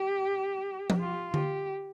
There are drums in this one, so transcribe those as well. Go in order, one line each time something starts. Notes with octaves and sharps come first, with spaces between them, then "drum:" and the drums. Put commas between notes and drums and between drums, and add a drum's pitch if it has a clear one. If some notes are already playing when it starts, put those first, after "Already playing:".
Already playing: G4
drum: tom
F4
G4, drum: tom D3